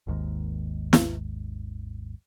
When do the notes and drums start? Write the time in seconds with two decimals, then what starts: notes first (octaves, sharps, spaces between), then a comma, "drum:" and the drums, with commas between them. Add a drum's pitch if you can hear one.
0.07 G#1 D#2 G#2 D#3
0.93 drum: snare